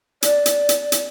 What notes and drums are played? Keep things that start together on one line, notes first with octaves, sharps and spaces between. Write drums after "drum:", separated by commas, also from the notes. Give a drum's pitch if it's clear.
D5, drum: hi-hat
drum: hi-hat
drum: hi-hat
drum: hi-hat